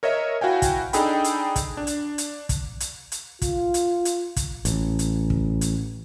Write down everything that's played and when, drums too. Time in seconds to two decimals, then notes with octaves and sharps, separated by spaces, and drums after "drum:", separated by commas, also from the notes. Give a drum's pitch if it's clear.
0.03 A#4 C#5 D#5 E5
0.41 E4 F#4 F5 G5 G#5
0.62 drum: kick, hi-hat
0.93 D4 D#4 G#4 A4 G5 B5, drum: hi-hat
1.24 drum: hi-hat
1.56 drum: kick, hi-hat
1.77 D4
1.87 drum: hi-hat
2.18 drum: hi-hat
2.49 drum: kick, hi-hat
2.80 drum: hi-hat
3.12 drum: hi-hat
3.42 F4, drum: kick, hi-hat
3.74 drum: hi-hat
4.05 drum: hi-hat
4.36 drum: kick, hi-hat
4.65 A1, drum: hi-hat
4.99 drum: hi-hat
5.30 drum: kick
5.61 drum: hi-hat